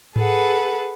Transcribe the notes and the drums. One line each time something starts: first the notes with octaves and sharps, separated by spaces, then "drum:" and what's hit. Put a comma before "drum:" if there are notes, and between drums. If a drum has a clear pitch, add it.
G#4 A4 B4 F#5, drum: tom G#2